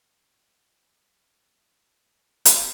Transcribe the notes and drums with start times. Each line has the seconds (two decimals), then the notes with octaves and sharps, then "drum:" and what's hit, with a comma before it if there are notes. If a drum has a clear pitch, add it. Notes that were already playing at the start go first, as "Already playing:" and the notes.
0.03 D#3 F#3 B3 A#5
0.68 A#2 F#3 A#3 C#6
1.35 B2 G#3 B3
1.99 A2 E3 A3
2.45 drum: hi-hat